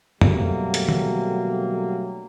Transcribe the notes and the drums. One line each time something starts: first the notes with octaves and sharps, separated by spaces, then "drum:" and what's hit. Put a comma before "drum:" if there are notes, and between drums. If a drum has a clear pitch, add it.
B2 D3 F#3 G3 A3 A#3, drum: tom F2
drum: hi-hat
drum: tom D#3